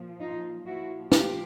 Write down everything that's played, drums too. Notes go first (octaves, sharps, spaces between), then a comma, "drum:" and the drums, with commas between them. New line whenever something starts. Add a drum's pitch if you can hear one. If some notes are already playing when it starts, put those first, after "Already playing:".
Already playing: A#2 F3
D#4 F4
A#2 F3 E4 F#4
F4 G4, drum: snare